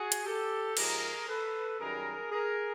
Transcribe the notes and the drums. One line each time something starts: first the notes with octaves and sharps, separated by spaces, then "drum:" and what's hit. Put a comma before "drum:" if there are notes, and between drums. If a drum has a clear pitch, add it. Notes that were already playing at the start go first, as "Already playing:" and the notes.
Already playing: F#4 G#4
drum: hi-hat
G4 A4
G#2 F3 G#3 G#4 A#4, drum: cymbal
A4 B4
F#2 D#3 G3 G#4 A#4
G#4 A#4